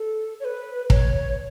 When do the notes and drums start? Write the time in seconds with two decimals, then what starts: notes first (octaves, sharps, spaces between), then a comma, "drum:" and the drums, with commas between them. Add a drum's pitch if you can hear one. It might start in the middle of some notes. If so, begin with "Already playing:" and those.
Already playing: A4
0.40 C#5
0.45 B4
0.90 C#5, drum: kick